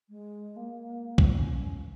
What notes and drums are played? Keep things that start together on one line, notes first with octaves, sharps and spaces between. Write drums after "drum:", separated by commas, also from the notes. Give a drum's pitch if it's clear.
G#3
A#3
C#4, drum: kick